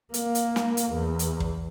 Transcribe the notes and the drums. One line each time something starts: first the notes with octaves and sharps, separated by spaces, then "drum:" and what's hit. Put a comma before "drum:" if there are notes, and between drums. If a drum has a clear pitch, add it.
A#3, drum: hi-hat
drum: hi-hat
drum: snare
drum: hi-hat
E2
drum: hi-hat
drum: kick